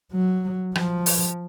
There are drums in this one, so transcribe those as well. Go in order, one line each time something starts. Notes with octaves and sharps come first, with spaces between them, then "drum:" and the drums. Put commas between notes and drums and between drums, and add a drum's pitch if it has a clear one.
F#3
F3, drum: rim click
drum: open hi-hat